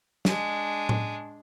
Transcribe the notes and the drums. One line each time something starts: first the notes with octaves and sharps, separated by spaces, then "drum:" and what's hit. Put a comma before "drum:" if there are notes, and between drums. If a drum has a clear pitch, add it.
G#3 D4, drum: snare
drum: tom A2